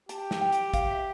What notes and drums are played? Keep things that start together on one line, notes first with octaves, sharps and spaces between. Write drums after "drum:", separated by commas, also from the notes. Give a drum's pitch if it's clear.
G4 A5, drum: hi-hat
drum: snare
G5
drum: hi-hat
F5, drum: kick, hi-hat
E5